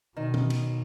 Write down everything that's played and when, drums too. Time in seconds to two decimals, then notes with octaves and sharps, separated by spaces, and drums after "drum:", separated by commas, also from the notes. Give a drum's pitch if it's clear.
0.16 B2 D#3
0.34 drum: tom D#3
0.50 drum: cymbal